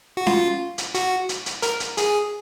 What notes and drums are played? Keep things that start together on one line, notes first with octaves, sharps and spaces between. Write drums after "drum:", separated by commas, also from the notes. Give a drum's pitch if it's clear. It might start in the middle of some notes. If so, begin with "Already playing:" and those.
F#4
F4, drum: snare C#4
drum: hi-hat
F#4, drum: hi-hat
drum: hi-hat
drum: hi-hat
A#4, drum: hi-hat
drum: hi-hat
G#4, drum: hi-hat